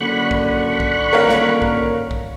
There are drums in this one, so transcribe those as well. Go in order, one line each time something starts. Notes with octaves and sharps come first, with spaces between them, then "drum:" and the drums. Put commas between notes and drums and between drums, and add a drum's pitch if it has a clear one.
F#1 D3 B5 C#6 F#6
drum: kick
drum: kick
D#1 A#4 C#5 F5
drum: snare
drum: kick
drum: kick